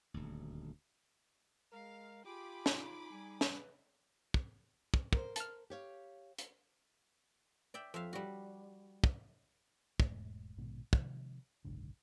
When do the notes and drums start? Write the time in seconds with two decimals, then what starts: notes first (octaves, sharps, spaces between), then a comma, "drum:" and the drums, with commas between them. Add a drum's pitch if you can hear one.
0.14 D#1 D2
1.72 G#3 A#4 F5
2.25 F4 G4 G#4 B5 D6
2.66 D#4, drum: snare
3.11 G3 G#5
3.41 B4, drum: snare
4.34 drum: kick
4.94 drum: kick
5.13 A#4 C5, drum: kick
5.36 A5 F6, drum: hi-hat
5.70 G4 C#5 F5
6.38 drum: hi-hat
7.74 D5 E5 G5
7.94 F2 E5 F5
8.13 G3 F#4
9.04 drum: kick
10.00 E1 G#2 A3, drum: kick
10.57 A#1 G#2 B2 D#3
10.93 C3 D#3 F3 G#3, drum: kick
11.65 F#1 B1 G#2 D3